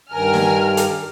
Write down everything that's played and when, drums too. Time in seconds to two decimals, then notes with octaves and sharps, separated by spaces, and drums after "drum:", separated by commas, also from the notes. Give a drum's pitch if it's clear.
0.12 G2 D#3 A#4 G#5 F6
0.34 drum: snare
0.77 drum: hi-hat